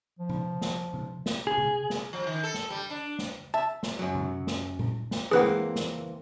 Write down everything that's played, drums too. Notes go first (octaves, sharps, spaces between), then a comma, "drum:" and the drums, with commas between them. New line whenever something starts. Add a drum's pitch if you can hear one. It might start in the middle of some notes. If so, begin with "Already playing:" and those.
F3
drum: tom C3
drum: snare
drum: tom C3
drum: snare
G#4
drum: tom C3
drum: snare
F3
D#3
A4
drum: snare
G3
D4
drum: snare
E5 A5
drum: snare
F#2 F#3
drum: tom C3
drum: snare
drum: tom A#2
drum: snare
E3 A#3 C4 G#4 B4 F#5
drum: tom G#3
drum: snare